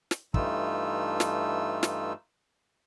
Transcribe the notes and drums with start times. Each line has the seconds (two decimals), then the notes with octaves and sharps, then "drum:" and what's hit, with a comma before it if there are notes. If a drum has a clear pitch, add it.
0.11 drum: snare
0.34 G2 E3 A3 D#4 F4 E6, drum: kick
1.20 drum: snare
1.83 drum: snare